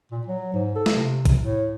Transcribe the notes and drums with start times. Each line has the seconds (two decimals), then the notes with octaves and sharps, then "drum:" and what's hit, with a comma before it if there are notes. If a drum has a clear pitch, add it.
0.12 A#2
0.27 F#3
0.53 G#2
0.76 A4
0.86 drum: snare
0.96 C3
1.25 drum: kick, hi-hat
1.41 A2